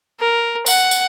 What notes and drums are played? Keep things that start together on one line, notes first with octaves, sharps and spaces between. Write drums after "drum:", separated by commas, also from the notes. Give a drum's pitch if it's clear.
A#4
F#5, drum: tambourine
drum: tambourine